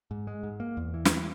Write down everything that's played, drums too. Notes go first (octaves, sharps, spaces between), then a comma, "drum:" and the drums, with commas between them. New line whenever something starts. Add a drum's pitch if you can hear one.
G#2
G#3
G#2
A#3
E2
E3
drum: snare